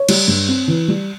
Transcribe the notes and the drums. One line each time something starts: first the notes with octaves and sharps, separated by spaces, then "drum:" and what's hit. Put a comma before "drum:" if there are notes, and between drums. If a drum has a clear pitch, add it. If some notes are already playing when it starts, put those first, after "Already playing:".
Already playing: C#5
G3, drum: cymbal
G2
C4
E3
G3